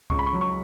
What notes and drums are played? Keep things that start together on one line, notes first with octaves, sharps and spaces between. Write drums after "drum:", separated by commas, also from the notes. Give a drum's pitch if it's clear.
C#2 C#6, drum: kick C2
B5
C#6
F#3
C#6